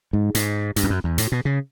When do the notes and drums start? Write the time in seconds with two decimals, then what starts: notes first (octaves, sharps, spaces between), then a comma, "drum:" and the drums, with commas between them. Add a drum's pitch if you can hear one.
0.13 G#2
0.35 G#2, drum: hi-hat
0.76 G2, drum: hi-hat
0.84 F2
0.90 F#2
1.04 E2
1.18 A2, drum: hi-hat
1.32 B2
1.45 C#3